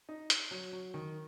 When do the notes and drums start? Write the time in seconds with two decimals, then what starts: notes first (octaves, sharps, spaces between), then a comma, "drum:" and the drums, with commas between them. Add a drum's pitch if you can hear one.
0.09 D#4
0.30 drum: hi-hat
0.51 F#3
0.72 F#3
0.94 D#3